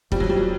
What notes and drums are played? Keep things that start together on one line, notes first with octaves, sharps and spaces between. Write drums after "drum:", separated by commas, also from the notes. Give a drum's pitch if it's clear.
F2 G3, drum: kick
F#3
G3